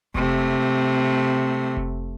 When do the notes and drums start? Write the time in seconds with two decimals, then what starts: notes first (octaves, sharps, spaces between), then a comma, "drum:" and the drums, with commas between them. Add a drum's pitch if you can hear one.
0.15 C3 A3, drum: kick F1
1.77 drum: kick F1